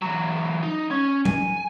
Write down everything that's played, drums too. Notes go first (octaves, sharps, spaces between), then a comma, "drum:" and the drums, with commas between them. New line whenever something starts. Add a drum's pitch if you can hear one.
E3 F#3
D#4
C#4
G#5, drum: tom F#3